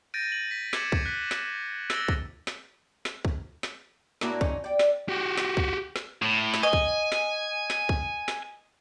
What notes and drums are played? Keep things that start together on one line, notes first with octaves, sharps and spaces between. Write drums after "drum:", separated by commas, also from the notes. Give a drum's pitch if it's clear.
G6 A6 A#6 D7 D#7
F#7
B6
D6 G#6 A6 C#7 E7 F#7, drum: snare
drum: kick
F#6 B6
drum: snare
E6 A6 A#6 D7 G7, drum: snare
drum: kick
drum: snare
drum: snare
drum: kick
drum: snare
A2 A#3 D4 E4 F#4, drum: snare
A#2 C#4 D#4, drum: kick
D5 G5
drum: snare
F#4 G4
drum: snare
drum: kick
drum: snare
A2
drum: snare
D#5 G#5
drum: kick
drum: snare
drum: snare
drum: kick
drum: snare